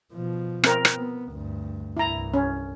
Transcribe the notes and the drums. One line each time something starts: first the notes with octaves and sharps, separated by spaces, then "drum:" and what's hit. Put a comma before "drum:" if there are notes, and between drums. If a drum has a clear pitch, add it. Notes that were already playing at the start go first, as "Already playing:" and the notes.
B2 F3
C4 A#4, drum: rim click
drum: rim click
B3
D2 G2
C2 G2 E4 A#5
C#4